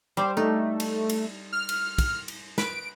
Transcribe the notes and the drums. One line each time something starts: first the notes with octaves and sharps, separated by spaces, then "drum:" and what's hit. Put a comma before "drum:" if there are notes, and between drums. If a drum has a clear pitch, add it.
G3 C5
A3 D#4
drum: cymbal
drum: cymbal
F6
drum: cymbal
drum: kick, cymbal
drum: cymbal
B4 D7, drum: snare